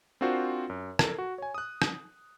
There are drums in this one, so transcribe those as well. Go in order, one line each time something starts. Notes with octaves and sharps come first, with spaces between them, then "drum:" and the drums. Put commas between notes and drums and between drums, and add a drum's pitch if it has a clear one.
C4 D4 F4 F#4 A#4 C5
F#2
A4 A#4, drum: rim click
F#4
C#5 G#5
D#6 F#6
drum: rim click